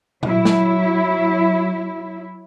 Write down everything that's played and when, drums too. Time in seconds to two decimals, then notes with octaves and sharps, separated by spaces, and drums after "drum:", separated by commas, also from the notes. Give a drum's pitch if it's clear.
0.23 F#3 E4, drum: tom A#2
0.45 drum: snare